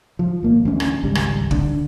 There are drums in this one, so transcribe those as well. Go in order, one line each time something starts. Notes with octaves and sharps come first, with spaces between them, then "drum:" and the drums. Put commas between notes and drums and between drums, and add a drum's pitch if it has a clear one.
F3
G#1 A#3
D2 E3 C#4
drum: rim click
G#1 C#2 G#2 G3
drum: rim click
D3 D4, drum: kick